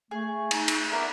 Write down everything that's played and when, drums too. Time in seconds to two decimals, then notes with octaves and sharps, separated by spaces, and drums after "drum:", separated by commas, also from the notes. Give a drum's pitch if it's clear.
0.11 A3 G#4
0.51 D#4, drum: cymbal
0.68 drum: cymbal
0.92 B3 E4 A#4 D5 E5